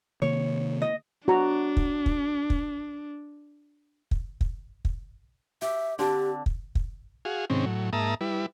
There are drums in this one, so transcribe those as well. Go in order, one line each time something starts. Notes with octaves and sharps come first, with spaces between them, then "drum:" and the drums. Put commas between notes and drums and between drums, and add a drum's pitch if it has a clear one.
C3 D#3 A#3 C#5
D#5
D4 F#4 A#5
drum: kick
drum: kick
drum: kick
drum: kick
drum: kick
drum: kick
G4 E5
D3 C4 D4 G4
drum: kick
drum: kick
F#4 G#4 F5
G#2 C3 D#3 C4 C#4
A2 F#3
G#2 A#3 E5 A5 A#5 D#6
G3 E4 B4